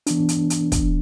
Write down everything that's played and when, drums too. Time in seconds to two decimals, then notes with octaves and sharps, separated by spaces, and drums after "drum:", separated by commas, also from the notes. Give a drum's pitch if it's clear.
0.07 E3 B3 D4, drum: hi-hat
0.29 drum: hi-hat
0.50 drum: hi-hat
0.72 drum: kick, hi-hat